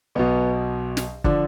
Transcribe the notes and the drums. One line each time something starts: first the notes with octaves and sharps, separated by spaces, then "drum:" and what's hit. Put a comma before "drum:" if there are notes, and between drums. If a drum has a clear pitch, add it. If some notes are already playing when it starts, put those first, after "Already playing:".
B1 B2 B3
drum: snare
D3 F3 D4, drum: kick